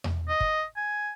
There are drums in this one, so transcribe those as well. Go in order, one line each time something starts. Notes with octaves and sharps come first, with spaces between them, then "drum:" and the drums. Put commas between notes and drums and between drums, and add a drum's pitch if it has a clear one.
drum: tom E2
D#5
drum: kick
G#5